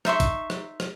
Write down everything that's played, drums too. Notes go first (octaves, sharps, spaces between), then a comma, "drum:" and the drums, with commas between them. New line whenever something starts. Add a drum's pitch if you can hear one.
D#4 E5 C6 C#6, drum: rim click
drum: kick A#1, hi-hat
drum: rim click
drum: rim click